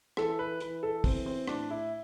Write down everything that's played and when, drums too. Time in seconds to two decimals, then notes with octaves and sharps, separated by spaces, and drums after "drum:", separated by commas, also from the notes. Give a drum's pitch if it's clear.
0.17 E3 A4, drum: rim click
0.39 B4
0.60 E3 B4, drum: hi-hat
0.83 A4
1.04 E3 C4, drum: kick, open hi-hat
1.26 C4
1.48 A2 D4, drum: rim click
1.70 E4